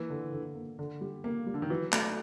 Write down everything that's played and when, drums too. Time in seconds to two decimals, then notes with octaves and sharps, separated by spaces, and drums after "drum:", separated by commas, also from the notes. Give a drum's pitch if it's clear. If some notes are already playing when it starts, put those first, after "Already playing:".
Already playing: E3 A#3
0.10 D3
0.33 D3
0.55 A#3
0.79 D3
1.01 G3
1.24 A#3
1.47 G3
1.54 D3
1.62 D#3
1.70 E3 F#3
1.92 A3, drum: clap